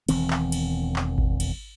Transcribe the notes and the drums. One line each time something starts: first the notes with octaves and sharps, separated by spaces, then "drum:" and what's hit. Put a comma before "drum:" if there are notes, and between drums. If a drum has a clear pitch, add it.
E1 E2 D#3 C4, drum: cymbal
drum: clap
drum: cymbal
drum: clap
drum: kick G#1
drum: cymbal